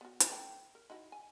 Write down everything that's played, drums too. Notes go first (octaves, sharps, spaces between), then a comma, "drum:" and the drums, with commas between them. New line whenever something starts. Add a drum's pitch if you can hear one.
B3 F#4
drum: hi-hat
A3 D4 G5
A#4
D#4 E4 F#4
G#5